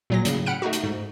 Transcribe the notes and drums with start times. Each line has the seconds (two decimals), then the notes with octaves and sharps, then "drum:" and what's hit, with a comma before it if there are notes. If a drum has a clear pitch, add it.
0.10 A#2 F#3 A#6
0.25 A2 C#3, drum: hi-hat
0.46 F#5 B5 F6 F#6 D7
0.62 A3 D#4 F#4
0.73 drum: hi-hat
0.84 G#2